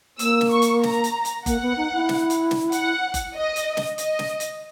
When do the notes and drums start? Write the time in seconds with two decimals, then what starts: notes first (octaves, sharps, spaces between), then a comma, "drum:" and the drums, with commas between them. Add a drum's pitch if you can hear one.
0.19 A#3 E6, drum: hi-hat
0.41 drum: snare
0.52 C#6
0.62 drum: hi-hat
0.83 A#5, drum: snare
1.04 drum: hi-hat
1.25 drum: hi-hat
1.46 A#3 F#5, drum: kick F#1, hi-hat
1.62 B3
1.77 D#4
1.93 E4
2.09 drum: snare
2.30 drum: hi-hat
2.51 drum: snare
2.72 F#5, drum: hi-hat
3.14 drum: kick F#1, hi-hat
3.35 D#5
3.56 drum: hi-hat
3.77 drum: snare
3.98 D#5, drum: hi-hat
4.19 drum: snare
4.40 drum: hi-hat